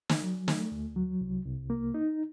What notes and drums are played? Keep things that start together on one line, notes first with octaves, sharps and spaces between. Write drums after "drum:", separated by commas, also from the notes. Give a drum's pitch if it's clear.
drum: snare
F#3
A3, drum: snare
D2
F#3
C2
C2
A#3
D#4